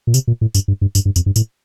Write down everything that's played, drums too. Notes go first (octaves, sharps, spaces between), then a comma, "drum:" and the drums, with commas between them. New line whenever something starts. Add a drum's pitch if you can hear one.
A#2
C3, drum: tambourine
A#2
A2
G2, drum: tambourine
G2
G2
G2, drum: tambourine
G2
F2, drum: tambourine
G2
A2, drum: tambourine